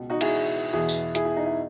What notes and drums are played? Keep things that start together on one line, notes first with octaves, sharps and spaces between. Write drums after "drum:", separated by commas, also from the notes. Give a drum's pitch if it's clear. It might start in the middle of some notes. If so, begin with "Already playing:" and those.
Already playing: C#2 B2
D#4 F#4
E4 G#4, drum: cymbal
E2 B2 E4 G#4
drum: tambourine
E4 G#4, drum: hi-hat
E4
D#4
E4